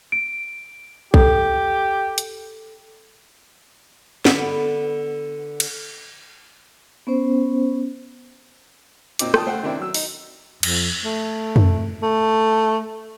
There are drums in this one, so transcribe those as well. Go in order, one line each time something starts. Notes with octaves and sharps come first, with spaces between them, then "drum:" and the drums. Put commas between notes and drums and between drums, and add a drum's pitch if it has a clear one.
D7
G4 A4, drum: kick
drum: hi-hat
D3 B3, drum: snare
drum: cymbal
B3 C#4 C5
A#2 C4 D#4 D6, drum: hi-hat
F4 G5 A5 D#6, drum: rim click
A3 C5 F#5 G5
D#3 C4 D4 E4
F#3 E6
D#4, drum: open hi-hat
F2, drum: cymbal
A3
drum: tom
A3